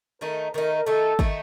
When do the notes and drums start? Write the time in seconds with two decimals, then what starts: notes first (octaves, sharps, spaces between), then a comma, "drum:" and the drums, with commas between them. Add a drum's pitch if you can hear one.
0.21 D#3 A3 D#4 A#4
0.54 D#3 A3 D#4 A#4
0.86 D#3 A3 D#4 A4
1.19 D#3 A3 D#4, drum: kick G#1